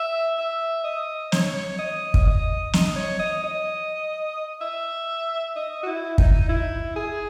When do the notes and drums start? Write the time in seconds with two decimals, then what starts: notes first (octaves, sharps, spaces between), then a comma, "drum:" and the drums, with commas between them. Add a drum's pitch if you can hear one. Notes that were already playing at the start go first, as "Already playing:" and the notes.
Already playing: E5
0.38 E5
0.84 D#5
1.32 C#5, drum: snare
1.79 D#5
2.14 drum: kick
2.25 D#5
2.73 D#5, drum: snare
2.96 C#5
3.19 D#5
3.44 D#5
4.61 E5
5.56 D#5
5.83 F#4
5.86 E4
6.18 D#4, drum: kick
6.49 E4
6.96 G#4